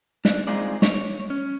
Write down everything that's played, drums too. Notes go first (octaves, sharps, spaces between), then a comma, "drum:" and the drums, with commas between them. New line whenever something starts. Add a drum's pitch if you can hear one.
D4, drum: snare
G#3 C4 D#4 F4 G#4 D5
C#5, drum: snare
C#4